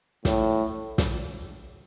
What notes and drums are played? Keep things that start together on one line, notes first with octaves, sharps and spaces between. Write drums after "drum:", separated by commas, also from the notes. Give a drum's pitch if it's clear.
A2, drum: snare
drum: snare